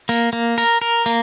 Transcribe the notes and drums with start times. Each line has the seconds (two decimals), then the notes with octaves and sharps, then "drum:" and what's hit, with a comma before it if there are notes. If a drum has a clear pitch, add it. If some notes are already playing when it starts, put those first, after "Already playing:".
0.09 A#3, drum: tambourine
0.33 A#3
0.58 A#4, drum: tambourine
0.82 A#4
1.06 A#3, drum: tambourine